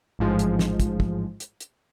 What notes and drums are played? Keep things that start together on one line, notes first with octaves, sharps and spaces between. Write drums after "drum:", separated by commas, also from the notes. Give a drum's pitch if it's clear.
A1 G#2 F3 G#3
drum: hi-hat
drum: snare
drum: kick, hi-hat
drum: kick
drum: hi-hat
drum: hi-hat